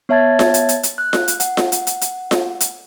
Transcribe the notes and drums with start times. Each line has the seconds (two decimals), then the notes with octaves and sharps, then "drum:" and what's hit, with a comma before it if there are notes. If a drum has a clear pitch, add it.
0.09 B3 C#5 E5 A5 G#6 A6
0.39 drum: snare F4
0.54 drum: hi-hat
0.69 drum: hi-hat
0.83 drum: hi-hat
0.98 F#6
1.13 drum: snare F4
1.28 drum: hi-hat
1.40 F#5, drum: hi-hat
1.57 drum: snare F4
1.72 drum: hi-hat
1.87 drum: hi-hat
2.01 drum: hi-hat
2.31 drum: snare F4
2.60 drum: hi-hat